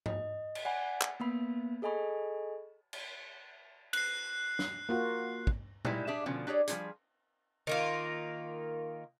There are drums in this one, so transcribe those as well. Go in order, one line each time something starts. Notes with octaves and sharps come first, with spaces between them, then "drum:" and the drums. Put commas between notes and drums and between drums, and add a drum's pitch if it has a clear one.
D#5, drum: tom G#2
drum: cymbal
D5 F#5 G#5 B5
drum: clap
A#3 B3 B5
G#4 A4 D#5 G#5 B5 C#6
drum: cymbal
F#6 C7, drum: cymbal
drum: snare
A#3 F4 F#4
drum: kick
G3 G#3 A#3 D#4 E4, drum: tom A#2
D4 G4 G#4 E5
B2 D3 F3 C#4
D4 G4 G#4 C#5 D5
F3 G3 A3 D#4 F4 G#4, drum: hi-hat
D#3 A#3 F4